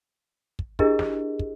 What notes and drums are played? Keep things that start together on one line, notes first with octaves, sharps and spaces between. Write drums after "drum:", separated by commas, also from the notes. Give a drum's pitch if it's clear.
drum: kick
D4 E4 G4 G#4 A#4 D#5, drum: kick
drum: snare
drum: kick